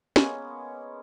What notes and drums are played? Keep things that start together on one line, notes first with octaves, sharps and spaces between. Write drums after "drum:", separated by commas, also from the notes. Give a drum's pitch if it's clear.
G#3 A#3 B3 C#4, drum: snare